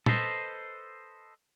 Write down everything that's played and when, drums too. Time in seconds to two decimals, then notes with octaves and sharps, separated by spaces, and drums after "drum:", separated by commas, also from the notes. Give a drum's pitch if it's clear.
0.06 A4 B4 C5 D#5, drum: tom A#2